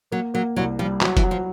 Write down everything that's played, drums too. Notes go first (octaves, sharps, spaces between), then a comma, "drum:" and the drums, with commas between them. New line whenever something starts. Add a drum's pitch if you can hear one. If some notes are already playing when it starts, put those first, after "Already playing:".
F#3 A#3
F#3 A#3
C2 F#3
F3 G3
E3 F#3, drum: clap
E3, drum: kick F1, hi-hat
F#3
F3